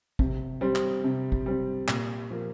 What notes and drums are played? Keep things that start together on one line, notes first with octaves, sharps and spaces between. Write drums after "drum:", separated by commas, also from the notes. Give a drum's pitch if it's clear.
C3, drum: kick
G3 C4
drum: clap
C3
drum: kick
G3 C4
A#2, drum: clap
F3 A#3